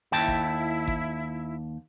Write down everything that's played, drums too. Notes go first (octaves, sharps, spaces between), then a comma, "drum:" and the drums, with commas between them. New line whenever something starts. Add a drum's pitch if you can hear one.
D#2 E4 G5 A5, drum: hi-hat
drum: kick G#1
drum: kick G#1